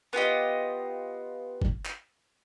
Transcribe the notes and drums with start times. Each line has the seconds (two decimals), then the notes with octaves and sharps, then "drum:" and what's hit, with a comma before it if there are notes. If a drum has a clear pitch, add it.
0.13 B3 F4 G4 D#5
1.62 drum: kick F#1
1.85 drum: clap